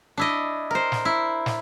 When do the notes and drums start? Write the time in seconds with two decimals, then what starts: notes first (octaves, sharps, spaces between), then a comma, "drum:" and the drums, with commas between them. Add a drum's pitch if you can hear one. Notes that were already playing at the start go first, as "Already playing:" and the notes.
0.17 D4 E4 D#5
0.71 A#4 C5
0.92 drum: snare
1.05 E4
1.46 drum: snare